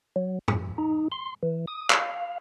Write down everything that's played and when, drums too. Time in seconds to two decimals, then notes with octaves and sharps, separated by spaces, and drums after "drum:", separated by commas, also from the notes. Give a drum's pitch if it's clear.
0.16 F#3
0.48 F#2, drum: tom
0.78 D#4
1.12 C6
1.43 E3
1.67 D#6
1.90 F5, drum: clap